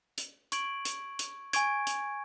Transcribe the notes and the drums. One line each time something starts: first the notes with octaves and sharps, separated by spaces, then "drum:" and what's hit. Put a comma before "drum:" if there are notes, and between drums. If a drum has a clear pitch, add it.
drum: hi-hat
C#6 G#6 D7 F#7, drum: hi-hat
drum: hi-hat
drum: hi-hat
G#5 C#6 G#6 D7, drum: hi-hat
drum: hi-hat